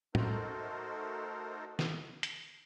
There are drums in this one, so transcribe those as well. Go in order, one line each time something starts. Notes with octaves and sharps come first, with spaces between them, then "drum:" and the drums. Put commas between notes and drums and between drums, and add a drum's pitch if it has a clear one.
A3 D#4 F#4 A4 A#4 C5, drum: tom
drum: snare
drum: hi-hat